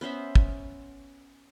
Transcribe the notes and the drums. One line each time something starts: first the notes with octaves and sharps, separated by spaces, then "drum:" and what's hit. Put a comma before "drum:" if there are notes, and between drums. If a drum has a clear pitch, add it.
B3 C#4 C5 E5
drum: kick